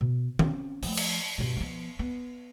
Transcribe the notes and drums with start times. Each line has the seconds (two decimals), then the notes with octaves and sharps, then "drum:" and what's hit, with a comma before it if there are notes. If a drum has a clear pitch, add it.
0.01 B2
0.39 C4 C#4, drum: tom D#3
0.83 F3 A3, drum: open hi-hat
0.97 drum: cymbal
1.38 G2 B2
1.57 F3 B3
1.99 B3